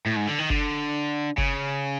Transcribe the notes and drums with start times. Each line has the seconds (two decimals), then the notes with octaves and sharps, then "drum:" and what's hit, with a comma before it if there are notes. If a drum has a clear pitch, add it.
0.06 A2
0.16 G#2
0.27 D3
0.39 D#3
0.50 D3, drum: kick
1.38 C#3, drum: kick